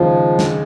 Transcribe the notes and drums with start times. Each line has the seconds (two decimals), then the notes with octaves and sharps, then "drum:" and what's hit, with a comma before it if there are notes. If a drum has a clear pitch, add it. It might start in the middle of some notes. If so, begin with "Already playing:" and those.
Already playing: D#2 C#3 F3 G#3 D#4 G#4
0.39 drum: snare